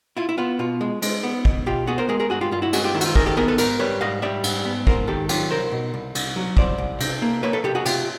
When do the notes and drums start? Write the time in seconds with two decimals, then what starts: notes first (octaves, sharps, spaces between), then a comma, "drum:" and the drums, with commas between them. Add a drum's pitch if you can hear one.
0.17 E4 F4
0.29 E4
0.38 B3 F4
0.59 B2 F4
0.81 G#3
1.02 G#3, drum: cymbal
1.23 B3
1.45 B2, drum: kick
1.66 B2 F4 G4
1.87 B3 F#4 G#4
1.98 A#4 C5
2.09 G#3 G#4 A#4
2.20 G#4 A#4
2.30 G2 F#4 G#4
2.41 F4 G4
2.51 G2 F4
2.62 E4 F#4
2.73 G#3 F#4 G#4, drum: cymbal
2.84 F4 G4
2.94 D#3 E4
3.01 F#4, drum: cymbal
3.06 F4
3.15 D#3 G#4 A#4, drum: kick
3.26 G4 A4
3.37 B3 G#4 A#4
3.48 A4 B4
3.58 G#2 A#4 C5, drum: cymbal
3.79 G3 B4 C#5
4.01 G#2 D#5 F5
4.22 G3 D5 E5
4.44 G#2, drum: cymbal
4.65 B3
4.87 G#2 A#4 C5, drum: kick
5.07 D#3 G4 A4
5.29 F#3 F4 G4, drum: cymbal
5.51 C2 A#4 C5
5.72 B2
5.94 C2
6.15 C2, drum: cymbal
6.36 F#3
6.57 C2 C5 D5, drum: kick
6.78 C2
7.00 C3, drum: cymbal
7.22 A#3
7.43 A#3 B4 C#5
7.53 A4 B4
7.64 C3 G4 A4
7.75 F#4 G#4
7.85 C3 F4 G4, drum: cymbal